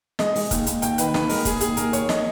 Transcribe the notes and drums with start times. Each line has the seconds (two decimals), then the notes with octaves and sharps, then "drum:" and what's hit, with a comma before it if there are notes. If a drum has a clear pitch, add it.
0.19 G#3 D#5, drum: snare
0.35 G#3, drum: open hi-hat
0.51 D#2, drum: kick, hi-hat
0.67 D#2, drum: hi-hat
0.82 D#2 G5, drum: hi-hat
0.98 D#3 B4, drum: hi-hat
1.14 D#2 B4, drum: snare
1.29 G#3 A#4, drum: open hi-hat
1.45 D#2 G#4, drum: kick, hi-hat
1.61 D#2 G#4, drum: hi-hat
1.77 D#2 A#4, drum: hi-hat
1.93 D#2 C#5, drum: hi-hat
2.09 D#5, drum: snare